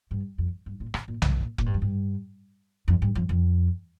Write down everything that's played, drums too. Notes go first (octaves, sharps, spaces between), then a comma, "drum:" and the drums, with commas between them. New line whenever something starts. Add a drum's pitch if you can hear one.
G2
F2
G2
A#2
C3, drum: rim click
A#2
G2, drum: tom B1
A#2
A#2, drum: kick F1
G2
F2
G2
F2
G2
F2
F2